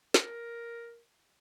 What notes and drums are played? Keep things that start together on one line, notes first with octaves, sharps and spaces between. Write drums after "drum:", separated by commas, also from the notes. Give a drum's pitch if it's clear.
A#4, drum: snare